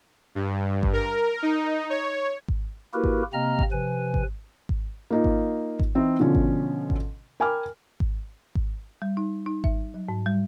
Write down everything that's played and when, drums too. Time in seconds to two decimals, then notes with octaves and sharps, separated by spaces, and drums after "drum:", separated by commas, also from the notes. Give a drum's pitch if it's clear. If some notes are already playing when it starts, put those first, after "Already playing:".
0.35 G2
0.83 drum: kick G#1
0.93 A#4
1.43 D#4
1.90 C#5
2.48 drum: kick G#1
2.94 A#3 E4 F#4 G4 A#4 B4
3.04 drum: kick G#1
3.33 C3 A#3 C4 D#5 A#5 F6
3.59 drum: kick G#1
3.72 C3 F3 B4 G#5
4.14 drum: kick G#1
4.69 drum: kick G#1
5.11 A#3 D#4 F4
5.24 drum: kick G#1
5.79 drum: kick G#1
5.95 E3 C4 D#4
6.19 B2 D3 F3 C#4
6.35 drum: kick G#1
6.90 drum: kick G#1
7.40 A#4 G5 G#5 B5 D6 F6
8.00 drum: kick G#1
8.55 drum: kick G#1
9.02 G3
9.17 D#4
9.46 D#4
9.64 E5, drum: kick G#1
9.94 F#3
10.09 G#2
10.26 G3